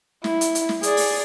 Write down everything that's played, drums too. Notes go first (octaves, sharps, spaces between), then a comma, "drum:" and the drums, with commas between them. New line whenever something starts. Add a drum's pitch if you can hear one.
E4, drum: snare
drum: hi-hat
drum: hi-hat
drum: snare
G#4 D5, drum: hi-hat
drum: open hi-hat